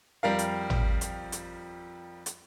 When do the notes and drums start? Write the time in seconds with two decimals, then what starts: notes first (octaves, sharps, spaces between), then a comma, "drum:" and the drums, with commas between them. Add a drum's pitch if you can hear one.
0.23 F2 G3 A#4 F5
0.39 drum: hi-hat
0.70 drum: tom G#1
1.01 drum: hi-hat
1.32 drum: hi-hat
2.26 drum: hi-hat